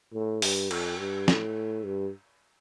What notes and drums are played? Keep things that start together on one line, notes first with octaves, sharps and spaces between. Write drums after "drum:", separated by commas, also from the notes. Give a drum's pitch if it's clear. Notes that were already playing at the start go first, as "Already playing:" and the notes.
A2
G2, drum: open hi-hat
F2, drum: cymbal
G2
A2, drum: snare
G2